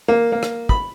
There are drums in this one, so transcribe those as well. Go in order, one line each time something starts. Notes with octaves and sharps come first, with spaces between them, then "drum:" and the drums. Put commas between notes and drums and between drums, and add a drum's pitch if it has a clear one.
A#3
A#3
drum: rim click
B5, drum: kick